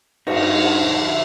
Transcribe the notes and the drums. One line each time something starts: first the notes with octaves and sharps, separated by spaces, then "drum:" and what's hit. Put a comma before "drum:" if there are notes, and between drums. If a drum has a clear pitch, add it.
G2 D4 D#4 F#4 D#5, drum: cymbal
F#5 A5
F2 D3
E5